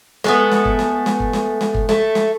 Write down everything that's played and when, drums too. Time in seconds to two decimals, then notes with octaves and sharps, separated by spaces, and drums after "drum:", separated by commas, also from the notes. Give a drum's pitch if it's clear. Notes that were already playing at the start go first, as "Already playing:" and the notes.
0.24 G#3 A3 B3, drum: snare
0.52 drum: snare
0.65 drum: kick G1
0.79 drum: snare
1.06 drum: snare
1.20 drum: kick G1
1.33 drum: snare
1.61 drum: snare
1.74 drum: kick G1
1.89 A3, drum: snare
2.15 drum: snare